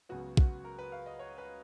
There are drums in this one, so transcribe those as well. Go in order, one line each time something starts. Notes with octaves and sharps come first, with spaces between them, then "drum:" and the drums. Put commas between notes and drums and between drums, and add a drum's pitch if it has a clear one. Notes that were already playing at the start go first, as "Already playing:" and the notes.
C#2 C#3 F#3 B3 F#4
F#4, drum: kick
A#4
B4
F5
D#5
C#5
B4